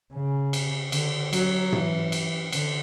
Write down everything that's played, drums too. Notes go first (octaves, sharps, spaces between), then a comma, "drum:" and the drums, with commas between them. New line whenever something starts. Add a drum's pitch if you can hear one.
C#3
drum: cymbal
D3, drum: cymbal
F#3, drum: cymbal
E3, drum: tom
drum: cymbal
D3, drum: cymbal